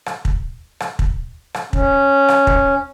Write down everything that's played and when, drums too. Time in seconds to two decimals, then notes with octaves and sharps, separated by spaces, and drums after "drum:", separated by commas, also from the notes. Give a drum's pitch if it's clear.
0.06 drum: rim click
0.25 drum: kick
0.80 drum: rim click
0.99 drum: kick
1.54 drum: rim click
1.73 C#4, drum: kick
2.29 drum: rim click
2.47 drum: kick